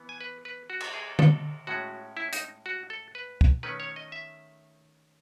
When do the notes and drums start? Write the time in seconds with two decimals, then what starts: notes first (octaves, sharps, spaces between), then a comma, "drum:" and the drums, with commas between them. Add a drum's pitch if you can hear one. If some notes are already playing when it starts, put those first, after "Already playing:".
Already playing: E3 B3
0.09 G#5
0.21 B4
0.45 B4
0.70 F#4
0.80 drum: cymbal
0.94 G#4
1.19 A4, drum: tom D3
1.67 A2 G#3 C#4 F#4
2.17 E4
2.33 D#4, drum: hi-hat
2.66 F#4
2.90 A4
3.15 B4
3.41 drum: kick
3.63 D#3 A3 C#4 B4
3.80 C#5
3.96 D#5
4.12 E5